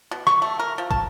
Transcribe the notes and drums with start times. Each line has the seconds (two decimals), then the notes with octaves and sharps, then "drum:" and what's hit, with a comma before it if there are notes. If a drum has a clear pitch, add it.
0.11 B2
0.27 C#6, drum: rim click
0.42 A3
0.59 A#4
0.78 F3
0.91 A5, drum: kick